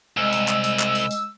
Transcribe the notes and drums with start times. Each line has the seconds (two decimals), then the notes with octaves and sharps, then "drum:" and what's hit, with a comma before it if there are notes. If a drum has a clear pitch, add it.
0.17 C2 G#3 D#5 E6
0.33 drum: tambourine
0.48 drum: clap
0.64 drum: tambourine
0.79 drum: clap
0.95 drum: tambourine
1.11 drum: tambourine